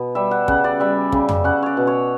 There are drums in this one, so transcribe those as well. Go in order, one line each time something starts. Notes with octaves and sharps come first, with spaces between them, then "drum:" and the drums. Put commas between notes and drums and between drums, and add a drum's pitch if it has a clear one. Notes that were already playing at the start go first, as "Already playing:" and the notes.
Already playing: B2 B3
G3 E5
F#5
C#3 F#5, drum: kick
D5
G3 E5
C#3, drum: kick
drum: tom
C#4 F#5
C#5 D5
B2
C#5